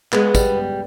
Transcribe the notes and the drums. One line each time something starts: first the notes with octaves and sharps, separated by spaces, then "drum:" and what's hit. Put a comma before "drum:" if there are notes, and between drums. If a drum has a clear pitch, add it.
G#3 B3, drum: clap
G3, drum: kick, tambourine